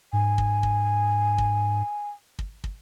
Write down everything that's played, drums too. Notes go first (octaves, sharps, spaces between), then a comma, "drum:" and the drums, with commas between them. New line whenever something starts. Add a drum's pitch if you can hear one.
G#2 G#5
drum: kick
drum: kick
drum: kick
drum: kick
drum: kick